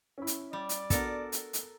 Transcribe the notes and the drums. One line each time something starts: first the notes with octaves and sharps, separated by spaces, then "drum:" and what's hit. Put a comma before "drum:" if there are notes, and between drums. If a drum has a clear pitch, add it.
C#4 E4
drum: hi-hat
G3 D5
drum: hi-hat
B3 D4 F#4 A4 A#4, drum: kick, hi-hat
drum: hi-hat
drum: hi-hat